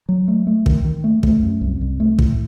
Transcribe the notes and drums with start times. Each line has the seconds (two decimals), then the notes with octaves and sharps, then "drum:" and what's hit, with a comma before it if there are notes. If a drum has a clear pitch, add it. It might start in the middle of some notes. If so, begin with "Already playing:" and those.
0.09 F#3
0.28 A3
0.47 A3
0.66 D#3, drum: kick
0.85 D#3
1.04 A3
1.23 A3, drum: kick
1.43 F#2
1.61 C2
1.81 C2
2.00 A3
2.19 A2, drum: kick